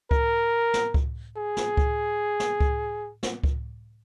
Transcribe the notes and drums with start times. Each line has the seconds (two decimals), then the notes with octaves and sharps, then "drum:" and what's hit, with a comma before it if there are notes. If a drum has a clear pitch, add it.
0.11 A#4, drum: kick C#2
0.74 drum: snare
0.94 drum: kick C#2
1.36 G#4
1.57 drum: snare
1.77 drum: kick C#2
2.40 drum: snare
2.60 drum: kick C#2
3.23 drum: snare
3.44 drum: kick C#2